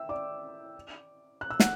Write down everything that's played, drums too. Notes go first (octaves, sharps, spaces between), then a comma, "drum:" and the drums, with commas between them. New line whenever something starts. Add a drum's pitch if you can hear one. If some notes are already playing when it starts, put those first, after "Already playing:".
Already playing: E5 G5 E6
D5 D6
F#6
E6
F#5 F#6, drum: snare